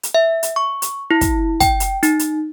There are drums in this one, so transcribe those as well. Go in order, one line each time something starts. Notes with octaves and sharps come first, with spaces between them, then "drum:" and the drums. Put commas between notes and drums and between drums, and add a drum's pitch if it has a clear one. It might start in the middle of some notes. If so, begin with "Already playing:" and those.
drum: hi-hat
E5
drum: hi-hat
C#6
drum: hi-hat
E4
drum: kick, hi-hat
G5, drum: kick, hi-hat
drum: hi-hat
D#4, drum: hi-hat
drum: hi-hat